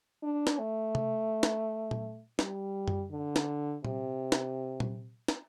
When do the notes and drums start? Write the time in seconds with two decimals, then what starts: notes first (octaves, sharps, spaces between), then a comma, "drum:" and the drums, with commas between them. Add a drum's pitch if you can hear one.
0.23 D4
0.47 drum: snare
0.59 A3
0.95 drum: tom C3
1.43 drum: snare
1.91 drum: tom A#2
2.39 G3, drum: snare
2.88 drum: tom F#2
3.12 D3
3.36 drum: snare
3.85 C3, drum: tom A#2
4.32 drum: snare
4.80 drum: tom A#2
5.28 drum: snare